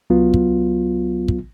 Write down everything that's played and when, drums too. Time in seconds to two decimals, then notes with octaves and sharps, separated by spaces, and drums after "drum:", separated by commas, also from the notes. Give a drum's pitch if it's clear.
0.10 C2 F#3 B3 F4
0.34 drum: kick
1.28 drum: kick